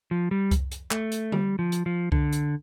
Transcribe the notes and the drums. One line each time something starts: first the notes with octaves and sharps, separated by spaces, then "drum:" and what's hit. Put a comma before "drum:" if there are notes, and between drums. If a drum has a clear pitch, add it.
F3
G3
drum: kick C2, hi-hat
drum: hi-hat
A3, drum: clap
drum: hi-hat
G3, drum: tom D3
F3
drum: hi-hat
F3
D3, drum: kick C2
drum: hi-hat